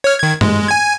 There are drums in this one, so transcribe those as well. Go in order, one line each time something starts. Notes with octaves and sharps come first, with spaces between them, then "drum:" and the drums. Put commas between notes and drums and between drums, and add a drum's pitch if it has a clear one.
C#5 F6
D#3 G#6
G#3, drum: tom G2
G#5 G#6